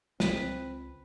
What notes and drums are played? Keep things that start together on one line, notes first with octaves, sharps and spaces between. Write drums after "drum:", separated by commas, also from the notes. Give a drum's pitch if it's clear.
C#2 C4 F4 B4, drum: snare